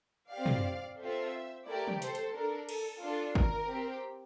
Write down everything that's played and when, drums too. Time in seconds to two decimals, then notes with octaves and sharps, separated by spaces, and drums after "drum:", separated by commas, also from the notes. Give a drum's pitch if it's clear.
0.33 C4 G4 D5 F5
0.46 drum: tom
1.01 C4 F4 A4 C5 E5
1.68 A3 E4 G4 A#4 D5
1.88 drum: tom
2.02 A4 C5, drum: hi-hat
2.15 drum: hi-hat
2.35 D4 A4 A#4
2.69 A4, drum: cymbal
3.02 D4 F4 A4
3.35 A#4, drum: kick G#1
3.69 C4 G4